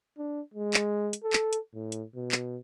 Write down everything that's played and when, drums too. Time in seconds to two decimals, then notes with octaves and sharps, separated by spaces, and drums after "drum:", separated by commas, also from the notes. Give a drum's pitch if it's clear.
0.18 D4
0.54 G#3
0.74 drum: clap
1.13 drum: hi-hat
1.24 A4
1.33 drum: clap
1.53 drum: hi-hat
1.74 A2
1.92 drum: hi-hat
2.16 B2
2.32 drum: clap